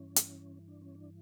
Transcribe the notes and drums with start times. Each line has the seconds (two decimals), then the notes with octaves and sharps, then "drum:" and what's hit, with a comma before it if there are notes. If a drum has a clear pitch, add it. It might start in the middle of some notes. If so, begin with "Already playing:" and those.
Already playing: G2 E3 C#4
0.16 drum: hi-hat
0.68 D4
0.82 C#4
0.95 D4